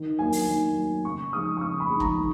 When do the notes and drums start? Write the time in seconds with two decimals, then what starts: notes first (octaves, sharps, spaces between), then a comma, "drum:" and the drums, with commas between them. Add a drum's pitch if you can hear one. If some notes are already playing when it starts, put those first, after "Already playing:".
Already playing: D#3
0.19 F#3 A#3 G#5
0.32 drum: open hi-hat
0.48 D#3
0.77 F#3 A#3
1.04 C#3 C#6
1.33 F3 G#3 D#4 D#6
1.57 C#6
1.61 C#3 D#6
1.80 B5
1.90 F3 G#3 D#4
2.00 A#5, drum: kick
2.18 D#3